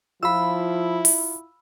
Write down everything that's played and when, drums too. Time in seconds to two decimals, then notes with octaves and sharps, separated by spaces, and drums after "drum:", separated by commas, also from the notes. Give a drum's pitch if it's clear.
0.23 F3 E4 F4 F5 B5 E6
1.05 drum: open hi-hat